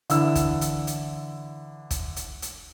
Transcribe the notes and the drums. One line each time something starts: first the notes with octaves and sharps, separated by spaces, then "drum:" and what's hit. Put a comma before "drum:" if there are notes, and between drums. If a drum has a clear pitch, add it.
D3 E3 E4 E6, drum: hi-hat
drum: kick, hi-hat
drum: hi-hat
drum: hi-hat
drum: kick, hi-hat
drum: hi-hat
drum: hi-hat